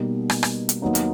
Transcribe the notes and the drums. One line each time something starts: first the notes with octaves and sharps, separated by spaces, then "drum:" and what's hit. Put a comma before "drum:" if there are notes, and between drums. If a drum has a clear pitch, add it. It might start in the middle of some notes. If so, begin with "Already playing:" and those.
Already playing: B2 G3 A#3 D#4
drum: rim click
drum: rim click
drum: hi-hat
D#2 D#3 F#3 B3 D#4
drum: hi-hat